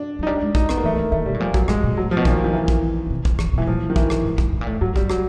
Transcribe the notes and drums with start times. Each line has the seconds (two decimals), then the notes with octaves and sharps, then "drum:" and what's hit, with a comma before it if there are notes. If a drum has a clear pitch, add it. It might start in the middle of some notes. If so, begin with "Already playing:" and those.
Already playing: D4
0.19 F#3
0.23 D#4
0.27 G3 D4
0.41 G#3
0.55 D#4, drum: kick
0.69 B3, drum: rim click
0.77 A#3
0.84 E3 A3
0.93 A#3
1.12 D#3 A3
1.25 B2 G3
1.34 A2
1.40 A#2 F3
1.54 F#3, drum: kick
1.68 A2 G#3, drum: rim click
1.83 A#2
1.97 A2 F#3
2.11 F3
2.17 B2
2.25 A#2 D#3, drum: kick
2.44 D#3
2.54 E3
2.68 drum: kick
3.06 C#3
3.10 C3
3.25 F3, drum: kick
3.39 E3, drum: rim click
3.53 B2
3.58 A2 E3
3.67 A#2 F3
3.90 D#3
3.96 E3, drum: kick
4.10 drum: rim click
4.25 G#2
4.38 G#2, drum: kick
4.52 A2
4.61 A#2
4.67 A2
4.81 G#2 F#3
4.96 G3, drum: kick
5.10 F#3, drum: rim click